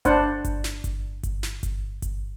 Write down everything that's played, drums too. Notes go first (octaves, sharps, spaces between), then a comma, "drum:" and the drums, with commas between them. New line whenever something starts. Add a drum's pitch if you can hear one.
D4 C5 F#5, drum: kick G1, hi-hat
drum: kick G1, hi-hat
drum: snare
drum: kick G1, hi-hat
drum: kick G1, hi-hat
drum: snare
drum: kick G1, hi-hat
drum: kick G1, hi-hat